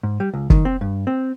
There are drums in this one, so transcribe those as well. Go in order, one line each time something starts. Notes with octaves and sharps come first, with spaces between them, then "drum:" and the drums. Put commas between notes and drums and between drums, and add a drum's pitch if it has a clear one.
G#2
G3
C#2
D#3, drum: kick
C4
G2
C4